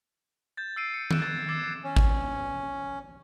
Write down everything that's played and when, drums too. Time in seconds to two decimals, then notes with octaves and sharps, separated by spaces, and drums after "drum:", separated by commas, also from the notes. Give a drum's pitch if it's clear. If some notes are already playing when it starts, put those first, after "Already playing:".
0.57 G6 A6
0.76 E6 A6 C7 D7 D#7
0.94 C#7
1.11 E6 F#6 D7 E7, drum: tom D#3
1.22 G#6 A6
1.49 D6 E6 G#6 A6 C7 E7
1.84 C#4
1.96 drum: kick G#1